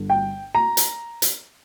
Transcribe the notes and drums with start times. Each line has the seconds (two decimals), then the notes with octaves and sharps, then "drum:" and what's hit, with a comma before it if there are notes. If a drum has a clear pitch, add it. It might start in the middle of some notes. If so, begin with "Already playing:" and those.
Already playing: G1 G2 D3
0.10 G5
0.55 A#5
0.77 drum: hi-hat
1.22 drum: hi-hat